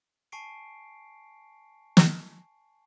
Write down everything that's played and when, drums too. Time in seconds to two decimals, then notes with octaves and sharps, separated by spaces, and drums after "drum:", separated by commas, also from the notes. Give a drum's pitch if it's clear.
0.32 G#5 A5 C#6 C7 D7
1.97 drum: snare